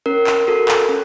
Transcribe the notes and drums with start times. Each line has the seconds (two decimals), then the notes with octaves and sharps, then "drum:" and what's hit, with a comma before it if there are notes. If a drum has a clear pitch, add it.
0.06 C#4 A#4
0.27 drum: clap
0.47 F#4 A4 A#4
0.68 drum: clap
0.89 C#4